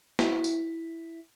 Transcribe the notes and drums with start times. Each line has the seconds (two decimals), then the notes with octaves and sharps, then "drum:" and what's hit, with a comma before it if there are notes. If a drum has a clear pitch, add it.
0.19 E4, drum: snare
0.44 drum: tambourine